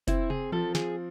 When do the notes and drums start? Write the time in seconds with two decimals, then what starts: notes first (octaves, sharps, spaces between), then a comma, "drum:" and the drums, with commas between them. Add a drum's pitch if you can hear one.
0.08 C4 E4, drum: kick F1, hi-hat
0.30 G#4, drum: tom
0.52 F3 A4, drum: tom E3
0.75 G#4, drum: snare